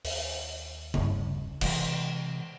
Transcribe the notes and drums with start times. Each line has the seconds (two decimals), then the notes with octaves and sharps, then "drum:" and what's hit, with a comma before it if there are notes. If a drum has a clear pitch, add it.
0.04 D#2, drum: open hi-hat
0.94 F1 G2, drum: tom C#3
1.61 C3 E3 G#3, drum: cymbal